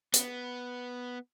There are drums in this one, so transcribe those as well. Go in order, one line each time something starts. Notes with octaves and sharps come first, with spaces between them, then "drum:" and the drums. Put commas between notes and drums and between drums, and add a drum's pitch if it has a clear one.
B3, drum: hi-hat